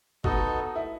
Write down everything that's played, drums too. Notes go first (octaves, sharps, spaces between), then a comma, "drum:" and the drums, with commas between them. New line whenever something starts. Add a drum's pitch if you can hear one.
B3 D#4 F#4 A4 D#5, drum: kick
E4